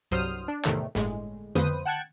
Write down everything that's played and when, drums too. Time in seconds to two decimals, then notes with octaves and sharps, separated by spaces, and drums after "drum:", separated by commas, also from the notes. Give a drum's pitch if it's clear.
0.11 C2 G2 F#3 C5 D#6 F6
0.48 D4
0.65 E2 A2 C3 D#3 A3, drum: clap
0.95 G1 A2 G#3, drum: snare
1.55 F2 B4 C5 D#6, drum: tom D3
1.85 F#5 G5 A5 F#6 G#6 C#7